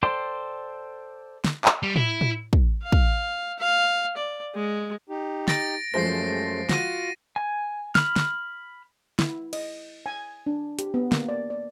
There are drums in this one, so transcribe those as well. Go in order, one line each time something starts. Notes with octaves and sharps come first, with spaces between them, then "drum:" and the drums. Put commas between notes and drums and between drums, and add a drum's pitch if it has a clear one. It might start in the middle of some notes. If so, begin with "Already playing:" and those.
A4 C5 D5 G5 C6
drum: snare
drum: clap
G3
E4, drum: tom A2
drum: tom A2
drum: kick
F5
drum: kick
F5
D5
G#3
D#4 G4
A6 A#6 D7, drum: snare
F#2 F3 G#3 A3 C5 A#6 C7
F4 F#4 F#5 A#6 D#7, drum: snare
G#5
B5 F6, drum: snare
drum: snare
E4, drum: snare
D#5, drum: cymbal
G#5
D4
G4, drum: hi-hat
B3
A#3, drum: snare
D5
D5